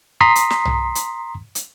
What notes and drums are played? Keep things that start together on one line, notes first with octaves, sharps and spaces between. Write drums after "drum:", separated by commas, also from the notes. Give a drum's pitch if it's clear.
A#5 C6 D#6 B6 C7
drum: hi-hat
drum: snare
drum: tom B1
drum: hi-hat
drum: hi-hat